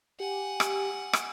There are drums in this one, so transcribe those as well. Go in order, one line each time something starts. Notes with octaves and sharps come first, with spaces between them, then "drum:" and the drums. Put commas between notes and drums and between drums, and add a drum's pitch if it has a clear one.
G4 F#5 G#5
drum: rim click
drum: rim click